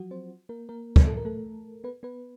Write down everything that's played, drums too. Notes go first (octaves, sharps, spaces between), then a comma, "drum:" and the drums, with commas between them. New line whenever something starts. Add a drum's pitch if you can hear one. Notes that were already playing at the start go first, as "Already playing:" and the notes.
Already playing: F3 F#3 F4 F#4
C4 C5
A#3 A#4
A#3 A#4
drum: kick
A4
A#4
A3 A4
B3 B4
B3 B4